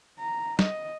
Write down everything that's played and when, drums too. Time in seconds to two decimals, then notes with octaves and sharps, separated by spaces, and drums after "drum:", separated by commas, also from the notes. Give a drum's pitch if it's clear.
0.19 A#5
0.59 D#5, drum: snare